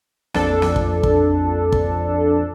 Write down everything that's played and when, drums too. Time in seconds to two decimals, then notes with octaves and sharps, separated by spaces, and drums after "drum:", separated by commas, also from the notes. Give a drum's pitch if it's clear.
0.34 A#1 F2 D4 A4, drum: snare
0.62 drum: snare
0.76 drum: kick
1.03 drum: kick
1.72 drum: kick